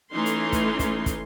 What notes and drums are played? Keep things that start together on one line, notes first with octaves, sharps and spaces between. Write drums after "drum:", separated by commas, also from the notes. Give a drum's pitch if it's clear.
E3 A3 C#4 D#4 C6
drum: hi-hat
drum: kick, hi-hat
drum: kick, hi-hat
drum: kick, hi-hat